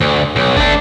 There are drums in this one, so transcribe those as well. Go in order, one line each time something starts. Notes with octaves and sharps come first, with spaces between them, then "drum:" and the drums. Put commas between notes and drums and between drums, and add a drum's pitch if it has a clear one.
D2
B1
A3 D4, drum: kick G1